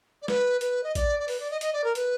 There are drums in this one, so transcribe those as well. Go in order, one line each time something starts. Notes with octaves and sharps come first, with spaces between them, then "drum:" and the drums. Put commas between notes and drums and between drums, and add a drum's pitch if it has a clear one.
D5
B4, drum: snare G#3
B4, drum: hi-hat
D#5
D5, drum: kick, hi-hat
D5
B4, drum: open hi-hat
D5
D#5
D#5, drum: hi-hat
D5
A#4
B4, drum: hi-hat